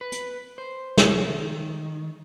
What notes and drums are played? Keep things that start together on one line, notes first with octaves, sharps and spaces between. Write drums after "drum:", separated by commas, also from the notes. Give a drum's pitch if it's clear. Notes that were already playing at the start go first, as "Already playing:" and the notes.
B4
drum: hi-hat
C5
F3, drum: snare
D#3